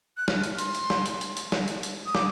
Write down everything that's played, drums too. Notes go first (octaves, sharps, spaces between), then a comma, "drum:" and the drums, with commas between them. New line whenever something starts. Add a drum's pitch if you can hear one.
F#6
F6, drum: snare
drum: hi-hat
C6, drum: hi-hat
drum: hi-hat
drum: snare
drum: hi-hat
drum: hi-hat
drum: hi-hat
drum: snare
drum: hi-hat
drum: hi-hat
D#6
D6, drum: snare